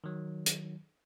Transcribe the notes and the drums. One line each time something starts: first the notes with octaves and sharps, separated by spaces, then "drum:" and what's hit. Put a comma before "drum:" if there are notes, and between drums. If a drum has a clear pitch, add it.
D#3 F#3
drum: hi-hat